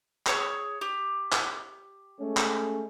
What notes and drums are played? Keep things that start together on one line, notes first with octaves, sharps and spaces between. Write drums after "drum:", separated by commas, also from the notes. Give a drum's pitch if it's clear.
G#4 C#5 E6, drum: clap
G4
drum: clap
G#3 A3 C#4
drum: clap